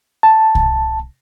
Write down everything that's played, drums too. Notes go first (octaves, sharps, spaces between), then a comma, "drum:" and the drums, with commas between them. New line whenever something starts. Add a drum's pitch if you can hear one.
A5
drum: kick C2